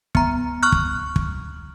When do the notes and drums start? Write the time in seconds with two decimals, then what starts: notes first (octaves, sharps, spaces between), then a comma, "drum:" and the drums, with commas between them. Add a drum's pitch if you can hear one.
0.15 B3 A#5, drum: kick
0.63 C#6 F6 F#6
0.72 drum: kick
1.16 drum: kick